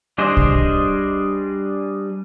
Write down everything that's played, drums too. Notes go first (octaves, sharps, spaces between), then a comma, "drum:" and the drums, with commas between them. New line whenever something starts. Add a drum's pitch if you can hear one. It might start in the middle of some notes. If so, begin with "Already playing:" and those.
G3 D4 G#4 C5 D#5
drum: kick